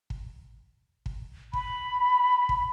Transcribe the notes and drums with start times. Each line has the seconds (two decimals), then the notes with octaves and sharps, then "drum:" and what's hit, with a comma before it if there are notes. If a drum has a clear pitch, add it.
0.10 drum: kick
1.06 drum: kick
1.53 B5, drum: kick
2.49 drum: kick